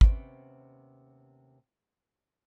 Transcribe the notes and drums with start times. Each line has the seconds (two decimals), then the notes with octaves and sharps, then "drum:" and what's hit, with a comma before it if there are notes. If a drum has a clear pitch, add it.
0.01 D#2 C3 B3 C#4 C5 G5, drum: kick